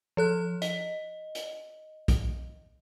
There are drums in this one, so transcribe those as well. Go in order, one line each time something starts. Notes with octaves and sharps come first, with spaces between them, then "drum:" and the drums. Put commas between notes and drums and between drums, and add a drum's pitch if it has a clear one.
F3 A4 F#6
D#5, drum: hi-hat
drum: hi-hat
drum: kick, hi-hat